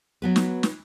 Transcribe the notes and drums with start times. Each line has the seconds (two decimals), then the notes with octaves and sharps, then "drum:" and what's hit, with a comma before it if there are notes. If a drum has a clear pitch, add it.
0.22 F#3 B3 B4
0.36 drum: snare
0.63 drum: snare